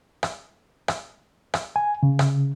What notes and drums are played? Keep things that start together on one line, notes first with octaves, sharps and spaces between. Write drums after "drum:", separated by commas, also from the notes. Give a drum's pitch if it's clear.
drum: rim click
drum: rim click
drum: rim click
G#5
C#3
drum: rim click